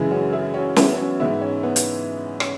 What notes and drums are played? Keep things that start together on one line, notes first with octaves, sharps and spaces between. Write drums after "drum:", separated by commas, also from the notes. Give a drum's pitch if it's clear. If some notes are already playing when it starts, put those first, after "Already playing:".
Already playing: F#2 C#3 E3 G#3 E4 G#4
C#4 F#4
E4 G#4
C#4 F#4
B3 E4, drum: snare
C#4 F#4
G#2 E3 G#3 B3 E4
C#4
B3
drum: hi-hat
C#4, drum: rim click